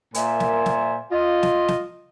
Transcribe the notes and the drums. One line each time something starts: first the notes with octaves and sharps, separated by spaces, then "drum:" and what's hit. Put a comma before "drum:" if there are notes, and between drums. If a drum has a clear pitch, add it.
A#2 A#4 C5 E5 G#5, drum: hi-hat
drum: snare
drum: snare
F4 D#5
drum: snare
drum: snare